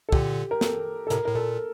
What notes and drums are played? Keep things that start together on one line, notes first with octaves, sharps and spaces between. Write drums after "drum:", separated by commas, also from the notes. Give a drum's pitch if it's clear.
A4
A#2 D3 G4, drum: kick
A#4
A4, drum: snare
A4
A2 C3 A#4, drum: hi-hat
A2 A#4
A#2 A4